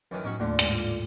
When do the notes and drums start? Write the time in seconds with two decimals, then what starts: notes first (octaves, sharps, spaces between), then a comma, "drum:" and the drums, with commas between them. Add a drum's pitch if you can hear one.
0.11 F#2 D#3 E3
0.24 A2 D#3 C#4 F#4
0.40 D#2 A#2 D3 A3
0.59 G#2 G#3, drum: hi-hat
0.72 F4